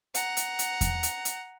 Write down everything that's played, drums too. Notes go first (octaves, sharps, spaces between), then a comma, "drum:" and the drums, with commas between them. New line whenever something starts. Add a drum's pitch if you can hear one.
F#5 A#5, drum: hi-hat
drum: hi-hat
drum: hi-hat
drum: kick E2, hi-hat
drum: hi-hat
drum: hi-hat